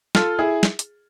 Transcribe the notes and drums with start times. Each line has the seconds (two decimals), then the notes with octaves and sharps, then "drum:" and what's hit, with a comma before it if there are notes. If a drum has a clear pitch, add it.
0.15 F4 A4, drum: snare
0.39 E4 G#4
0.63 drum: snare
0.79 drum: hi-hat